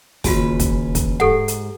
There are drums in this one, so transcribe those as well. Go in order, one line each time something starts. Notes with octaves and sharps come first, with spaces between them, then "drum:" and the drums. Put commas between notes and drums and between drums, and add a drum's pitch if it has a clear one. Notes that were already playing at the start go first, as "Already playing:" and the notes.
D#2 C#3 F4 F#4 B4 G#5, drum: kick, open hi-hat
drum: kick, hi-hat
drum: kick, hi-hat
G#2 G4 A4 F#5
drum: hi-hat